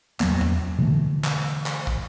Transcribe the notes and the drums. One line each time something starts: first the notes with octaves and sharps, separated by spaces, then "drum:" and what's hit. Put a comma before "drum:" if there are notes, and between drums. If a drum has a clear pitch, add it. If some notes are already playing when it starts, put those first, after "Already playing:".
E2 F#3 A#3 B3, drum: clap
drum: tom E2
B2 D3 E3 A3
drum: clap
drum: clap
drum: kick